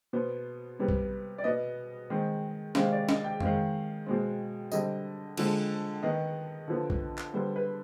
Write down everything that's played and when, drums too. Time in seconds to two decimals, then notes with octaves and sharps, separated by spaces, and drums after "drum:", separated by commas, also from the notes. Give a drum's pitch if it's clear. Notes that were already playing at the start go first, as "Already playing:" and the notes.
0.13 B2 B3 C5
0.79 C3 G3 B3
0.89 drum: kick A#1
1.38 D5
1.44 B2 B3 D#5
2.10 D#3 G#3 C4
2.75 C3 D#3 G#3 C4 F5, drum: snare
2.92 D5
3.09 D#5, drum: snare
3.24 G5
3.41 D#3 G#3 C4 F5, drum: tom F2
4.07 B2 G#3 C4
4.72 D3 G3 C4 D#5, drum: tambourine
5.37 D3 F3 G#3 C4, drum: cymbal
6.03 D#3 B3 D#5
6.68 D3 F3 B3
6.90 drum: kick A#1
7.18 drum: clap
7.33 D3 G3 B3 C5
7.56 B4